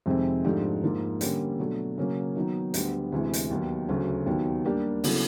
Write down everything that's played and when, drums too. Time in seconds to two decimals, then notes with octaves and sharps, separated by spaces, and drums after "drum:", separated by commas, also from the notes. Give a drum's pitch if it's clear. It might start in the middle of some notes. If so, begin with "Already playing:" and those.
0.06 F2 C3 D#3 G#3 C4
0.45 G#2 F3 A3 D4 G4
0.83 G#2 F3 A#3
1.21 D3 G3 A#3 C#4, drum: hi-hat
1.59 B2 F#3 A3 D4
1.98 C#3 F#3 A#3 C#4
2.35 D#3 F#3 B3 D#4
2.74 D2 D3 G3 B3, drum: hi-hat
3.12 D2 C3 E3 G#3
3.33 drum: hi-hat
3.50 D#2 D#3 F#3 B3
3.88 D2 C#3 F#3 A3
4.26 D#2 D#3 F#3 B3
4.65 G3 A#3 D4 G4
5.04 C#3 F#3 B3 E4 A4, drum: open hi-hat